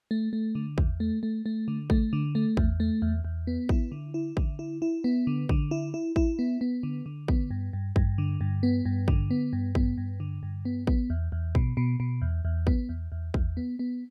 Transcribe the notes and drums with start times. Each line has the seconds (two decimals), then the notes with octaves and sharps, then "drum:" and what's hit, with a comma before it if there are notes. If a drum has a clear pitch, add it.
0.11 A3
0.33 A3
0.55 D3
0.78 E2, drum: kick
1.00 A3
1.23 A3
1.46 A3
1.68 D3
1.90 A3, drum: kick
2.13 D3
2.35 A3
2.57 E2, drum: kick
2.80 A3
3.02 E2
3.25 E2
3.47 B3
3.69 E4, drum: kick
3.92 D3
4.14 E4
4.37 D3, drum: kick
4.59 E4
4.82 E4
5.04 B3
5.27 D3
5.49 D3, drum: kick
5.71 E4
5.94 E4
6.16 E4, drum: kick
6.39 B3
6.61 B3
6.83 D3
7.06 D3
7.28 B3, drum: kick
7.51 G2
7.73 G2
7.96 G2, drum: kick
8.18 D3
8.41 G2
8.63 B3
8.85 G2
9.08 D3, drum: kick
9.31 B3
9.53 G2
9.75 B3, drum: kick
9.98 G2
10.20 D3
10.43 G2
10.65 B3
10.87 B3, drum: kick
11.10 E2
11.32 E2
11.55 B2, drum: kick
11.77 B2
12.00 B2
12.22 E2
12.45 E2
12.67 B3, drum: kick
12.89 E2
13.12 E2
13.34 E2, drum: kick
13.57 B3
13.79 B3